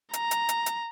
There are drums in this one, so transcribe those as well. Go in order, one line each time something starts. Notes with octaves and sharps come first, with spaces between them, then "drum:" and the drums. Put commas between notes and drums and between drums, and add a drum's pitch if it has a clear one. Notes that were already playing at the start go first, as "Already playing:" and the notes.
A#5, drum: hi-hat
drum: hi-hat
drum: hi-hat
drum: hi-hat